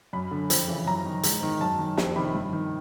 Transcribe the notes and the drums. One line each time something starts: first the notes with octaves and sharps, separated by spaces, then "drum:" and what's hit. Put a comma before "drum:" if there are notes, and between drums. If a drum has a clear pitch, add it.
F#2 B5
D3
F2, drum: hi-hat
C#3 E3
F#2 A#5
D#3
G#2, drum: hi-hat
D#3
F#2 A5
D#3
F2, drum: snare
C3 D#3 B5
G2
D#3